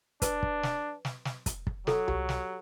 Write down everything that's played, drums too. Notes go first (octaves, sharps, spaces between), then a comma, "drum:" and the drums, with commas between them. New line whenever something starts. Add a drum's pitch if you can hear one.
D4 B4, drum: kick, hi-hat
drum: kick
drum: snare
drum: snare
drum: snare
drum: kick, hi-hat
drum: kick
F#3 A4, drum: snare
G4, drum: tom C2
drum: snare